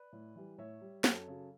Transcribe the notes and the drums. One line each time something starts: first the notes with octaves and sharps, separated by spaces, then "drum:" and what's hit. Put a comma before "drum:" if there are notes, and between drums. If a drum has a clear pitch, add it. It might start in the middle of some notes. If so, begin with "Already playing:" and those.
Already playing: B4 D5
A2
E3 G3
A2 C#5 E5
G3
F#2 A4 C#5, drum: snare
C#3 F#3